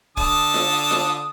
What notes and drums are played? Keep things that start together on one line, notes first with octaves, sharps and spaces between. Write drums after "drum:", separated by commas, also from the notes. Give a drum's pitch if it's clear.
D3 A5 D#6, drum: kick
drum: snare F4
drum: snare F4